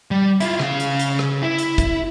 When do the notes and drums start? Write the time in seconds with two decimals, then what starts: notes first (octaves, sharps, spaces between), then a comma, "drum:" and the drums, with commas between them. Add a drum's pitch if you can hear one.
0.11 G3
0.40 E4 F4, drum: hi-hat
0.59 C#3 F5, drum: rim click
0.80 drum: hi-hat
0.99 drum: hi-hat
1.19 drum: rim click
1.42 E4
1.58 drum: hi-hat
1.78 drum: kick, hi-hat